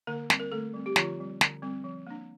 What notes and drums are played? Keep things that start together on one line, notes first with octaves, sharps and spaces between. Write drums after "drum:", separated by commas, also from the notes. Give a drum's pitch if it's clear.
D3 A#3 A#4
G3 C4, drum: snare
A#4
D3 A3 A4
G3 C4
G4
D3 F3 F4, drum: snare
G3 C4
D3, drum: snare
G3 C4
F3
A#3 D4